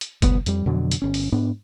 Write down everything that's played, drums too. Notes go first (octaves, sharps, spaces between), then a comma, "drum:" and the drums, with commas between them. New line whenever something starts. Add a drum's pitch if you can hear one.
drum: hi-hat
D1 C2 B3, drum: kick F#1, hi-hat
F2 G3, drum: hi-hat
F2 B2 D3 F#3
drum: hi-hat
G1 C#4
drum: open hi-hat
G#2 B3 D4